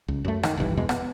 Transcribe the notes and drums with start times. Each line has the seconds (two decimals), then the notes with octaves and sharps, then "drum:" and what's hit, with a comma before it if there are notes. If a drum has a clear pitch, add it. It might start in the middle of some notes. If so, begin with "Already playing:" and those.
0.08 C#2
0.25 F#2 A3
0.43 D#3, drum: rim click
0.57 F1 B1 G2 E3
0.77 E2 B2 G#3
0.89 B3, drum: rim click